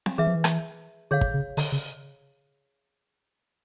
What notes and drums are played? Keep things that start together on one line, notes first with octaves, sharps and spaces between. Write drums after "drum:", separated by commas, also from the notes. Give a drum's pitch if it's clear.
drum: snare C4
E3 G#4 B4 E5
F3
E3
drum: rim click
D3 G#4 C#5 F5
drum: kick
C#3
D3, drum: open hi-hat
C#3